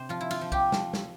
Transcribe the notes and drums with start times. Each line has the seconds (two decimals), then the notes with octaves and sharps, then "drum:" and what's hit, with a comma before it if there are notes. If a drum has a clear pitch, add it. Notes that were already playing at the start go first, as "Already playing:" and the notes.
Already playing: C3 C5
0.09 F3 F4
0.21 E4
0.31 F4, drum: cymbal
0.41 F3
0.52 G4, drum: kick
0.72 F3, drum: snare
0.93 drum: snare